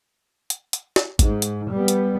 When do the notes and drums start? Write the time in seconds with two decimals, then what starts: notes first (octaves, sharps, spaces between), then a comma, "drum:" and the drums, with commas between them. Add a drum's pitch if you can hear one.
0.50 drum: hi-hat
0.73 drum: hi-hat
0.96 drum: snare
1.19 G#2, drum: kick G#1, hi-hat
1.42 drum: hi-hat
1.71 G3 B3
1.88 drum: hi-hat